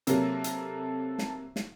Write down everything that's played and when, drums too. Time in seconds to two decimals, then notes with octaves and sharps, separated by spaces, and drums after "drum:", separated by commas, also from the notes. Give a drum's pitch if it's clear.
0.07 C3 F#3 A#3 A4, drum: hi-hat
0.44 drum: hi-hat
1.19 drum: snare
1.56 drum: snare